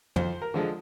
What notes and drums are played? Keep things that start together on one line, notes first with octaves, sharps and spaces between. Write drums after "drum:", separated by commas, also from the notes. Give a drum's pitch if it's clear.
F2 C5, drum: tom
A#4
D3 F3 G#3